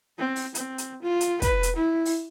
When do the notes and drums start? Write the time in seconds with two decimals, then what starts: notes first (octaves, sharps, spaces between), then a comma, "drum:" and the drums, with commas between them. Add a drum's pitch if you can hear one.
0.18 C4
0.36 drum: open hi-hat
0.55 C4, drum: hi-hat
0.78 drum: hi-hat
1.02 F4
1.21 drum: hi-hat
1.42 B4, drum: kick, hi-hat
1.63 drum: hi-hat
1.76 E4
2.05 drum: open hi-hat